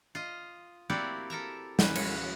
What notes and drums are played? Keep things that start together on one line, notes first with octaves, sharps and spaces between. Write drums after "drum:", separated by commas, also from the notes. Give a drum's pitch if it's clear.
F4 D#5
A#3 C4 E4 F#4 G4 D5
A4 A#4 E5 A#5
C#4 B4 G5, drum: snare
F#4 C#5, drum: cymbal